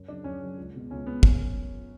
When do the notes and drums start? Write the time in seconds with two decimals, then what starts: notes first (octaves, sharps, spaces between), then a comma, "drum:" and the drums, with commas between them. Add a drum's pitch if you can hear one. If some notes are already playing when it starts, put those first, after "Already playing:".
Already playing: F#2
0.08 C#3 F#3 D4
0.24 F#2 C#4
0.41 C#3 F#3
0.57 C#2
0.74 B2 G#3
0.90 C#2 C#4
1.07 B2 G#3 B3
1.23 F#2 C#4, drum: kick